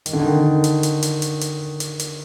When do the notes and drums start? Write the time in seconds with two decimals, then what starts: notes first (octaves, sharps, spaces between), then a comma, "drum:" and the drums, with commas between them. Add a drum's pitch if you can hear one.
0.06 D#3, drum: hi-hat
0.13 D3
0.20 D#3
0.64 drum: hi-hat
0.83 drum: hi-hat
1.02 drum: hi-hat
1.22 drum: hi-hat
1.41 drum: hi-hat
1.80 drum: hi-hat
1.99 drum: hi-hat